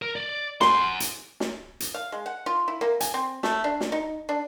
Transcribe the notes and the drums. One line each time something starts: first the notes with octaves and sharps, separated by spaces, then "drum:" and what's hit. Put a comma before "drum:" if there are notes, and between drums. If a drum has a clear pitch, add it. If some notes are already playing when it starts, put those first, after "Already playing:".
A#4
D5
F#5 G#5 C6, drum: snare
drum: hi-hat
drum: snare
drum: hi-hat
F5
G#3
F#5
F4
E4
A#3
G#5, drum: hi-hat
C4
A3, drum: snare
D4
drum: snare
D#4
D4